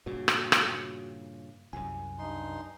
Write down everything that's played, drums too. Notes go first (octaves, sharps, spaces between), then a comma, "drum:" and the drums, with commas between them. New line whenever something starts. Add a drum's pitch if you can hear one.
G2 A#2 C#3 F#4
drum: rim click
drum: rim click
C2 F#2 G#5
G2 D#4 C6